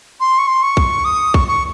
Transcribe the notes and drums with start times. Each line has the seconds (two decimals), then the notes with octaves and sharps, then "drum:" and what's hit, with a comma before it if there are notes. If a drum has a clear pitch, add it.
0.20 C6
0.39 C#6
0.48 C6
0.63 C#6
0.77 drum: kick
1.05 D#6
1.34 C#6, drum: kick
1.48 C#6